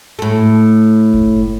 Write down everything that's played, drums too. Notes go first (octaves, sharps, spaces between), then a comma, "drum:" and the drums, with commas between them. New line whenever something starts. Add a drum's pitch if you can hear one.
A2 A3
drum: kick F#1